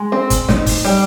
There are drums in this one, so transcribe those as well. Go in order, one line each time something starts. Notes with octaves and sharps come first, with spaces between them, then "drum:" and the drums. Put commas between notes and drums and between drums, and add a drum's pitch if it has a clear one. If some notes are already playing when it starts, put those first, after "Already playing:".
Already playing: G#3
C4
drum: kick G1, hi-hat
D#4, drum: snare
drum: kick G1, open hi-hat
G3